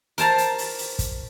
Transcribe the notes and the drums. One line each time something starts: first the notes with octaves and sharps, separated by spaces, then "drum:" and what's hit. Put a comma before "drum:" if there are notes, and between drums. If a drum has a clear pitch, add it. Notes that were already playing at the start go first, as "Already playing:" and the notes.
A#4 C5 A5 A#5, drum: hi-hat
drum: hi-hat
drum: open hi-hat
drum: open hi-hat
drum: kick, hi-hat